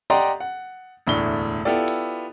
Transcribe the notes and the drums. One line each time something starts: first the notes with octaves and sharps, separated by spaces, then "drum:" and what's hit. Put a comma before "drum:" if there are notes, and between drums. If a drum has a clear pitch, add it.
G4 D5 D#5 F#5 A#5 C6
F#5
E1 D2 A2 D4 G7
B3 E4 F4 G4 A4 D5
drum: open hi-hat